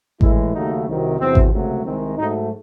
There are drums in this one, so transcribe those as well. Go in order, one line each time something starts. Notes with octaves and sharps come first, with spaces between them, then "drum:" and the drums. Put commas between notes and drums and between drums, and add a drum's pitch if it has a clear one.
A2 E3 G#3 E4, drum: kick G#1
D#2 C#3 F#3 A3 D#4
C2 C3 D#3 F#3
E2 C3 F#3 C4
drum: kick G#1
C#2 C3 F#3 A3
C2 C3 D#3 G#3 C4
G#2 F#3 A3 D#4